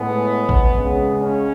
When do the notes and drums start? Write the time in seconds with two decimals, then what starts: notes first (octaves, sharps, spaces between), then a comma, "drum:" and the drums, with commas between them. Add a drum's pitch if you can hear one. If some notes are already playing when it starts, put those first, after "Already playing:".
Already playing: A2 G#3 B3
0.49 drum: kick A1
0.75 C#3 G#3
1.20 C#4